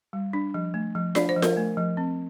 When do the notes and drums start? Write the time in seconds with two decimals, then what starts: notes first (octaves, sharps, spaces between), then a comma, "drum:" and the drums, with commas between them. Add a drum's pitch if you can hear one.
0.13 G3
0.33 D4
0.54 F3
0.74 A3
0.95 F3
1.15 D4 D5, drum: snare F4
1.29 C5
1.36 F3
1.42 A#4, drum: snare F4
1.57 A3
1.77 F3
1.97 C4